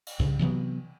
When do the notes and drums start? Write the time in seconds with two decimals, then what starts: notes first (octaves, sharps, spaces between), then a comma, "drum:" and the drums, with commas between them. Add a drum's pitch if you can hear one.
0.06 drum: cymbal
0.20 G2 C#3, drum: kick C2
0.39 C3 E3 F#3 B3